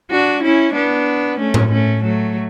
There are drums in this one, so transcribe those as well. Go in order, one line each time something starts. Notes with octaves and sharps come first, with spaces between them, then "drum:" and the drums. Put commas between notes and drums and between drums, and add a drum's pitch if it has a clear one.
D4 F#4
C#4 E4
B3 D4
A3 C#4
drum: tom A2
A3 C#4
F#3 A3